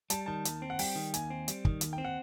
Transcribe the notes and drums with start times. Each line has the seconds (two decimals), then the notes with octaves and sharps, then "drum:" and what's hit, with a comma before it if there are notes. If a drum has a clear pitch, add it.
0.10 G3 A5, drum: hi-hat
0.26 D#3 A5
0.45 D#2, drum: hi-hat
0.62 C4
0.70 F#5
0.79 G3 G5, drum: open hi-hat
0.95 D#3
1.14 D#2 G#5, drum: hi-hat
1.30 C4
1.48 G3, drum: hi-hat
1.65 D#3, drum: kick
1.81 D#2, drum: hi-hat
1.93 G5
1.98 C4
2.05 F#5